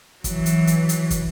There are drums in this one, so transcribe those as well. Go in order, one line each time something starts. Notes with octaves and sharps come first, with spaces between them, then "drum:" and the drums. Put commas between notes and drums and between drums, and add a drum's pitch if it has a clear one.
E3 F#3, drum: kick, hi-hat
drum: hi-hat
drum: hi-hat
drum: hi-hat
drum: kick, hi-hat